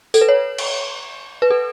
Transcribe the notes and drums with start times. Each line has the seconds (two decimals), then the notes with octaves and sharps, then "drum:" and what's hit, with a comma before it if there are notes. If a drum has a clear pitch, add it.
0.14 A4, drum: tambourine
0.21 B4
0.28 C#5
0.58 drum: cymbal
1.42 B4
1.50 A4